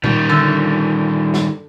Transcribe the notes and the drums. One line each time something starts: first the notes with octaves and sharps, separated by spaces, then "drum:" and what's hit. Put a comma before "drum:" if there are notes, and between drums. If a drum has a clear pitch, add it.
D#3 G3, drum: tom A#2
D3
drum: snare